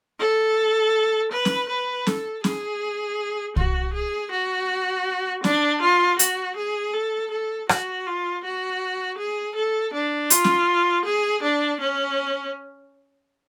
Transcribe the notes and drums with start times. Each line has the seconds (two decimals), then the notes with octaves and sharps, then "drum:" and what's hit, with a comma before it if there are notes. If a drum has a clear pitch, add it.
0.20 A4
1.32 B4
1.45 drum: snare C#4
1.70 B4
2.07 A4, drum: snare C#4
2.44 G#4, drum: snare C#4
3.56 F#4, drum: kick C2
3.94 G#4
4.31 F#4
5.44 D4, drum: snare C#4
5.82 F4
6.19 F#4, drum: hi-hat
6.57 G#4
6.93 A4
7.31 A4
7.69 F#4, drum: rim click
8.06 F4
8.44 F#4
9.18 G#4
9.55 A4
9.94 D4
10.30 F4, drum: hi-hat
10.44 drum: snare C#4
11.05 G#4
11.43 D4
11.80 C#4